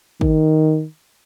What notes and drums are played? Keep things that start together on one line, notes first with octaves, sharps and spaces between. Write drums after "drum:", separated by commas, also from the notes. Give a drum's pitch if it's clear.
D#3, drum: kick